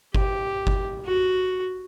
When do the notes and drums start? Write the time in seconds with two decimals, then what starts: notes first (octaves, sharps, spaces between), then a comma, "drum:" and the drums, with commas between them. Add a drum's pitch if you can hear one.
0.14 G4, drum: kick G1
0.67 drum: kick G1
1.05 F#4